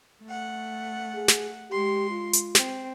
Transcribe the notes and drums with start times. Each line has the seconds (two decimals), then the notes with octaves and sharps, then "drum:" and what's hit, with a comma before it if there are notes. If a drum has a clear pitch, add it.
0.23 A3 F#5
1.15 G#4
1.28 drum: snare
1.71 G#3 G4 C6
2.11 F4
2.33 drum: hi-hat
2.55 C4, drum: snare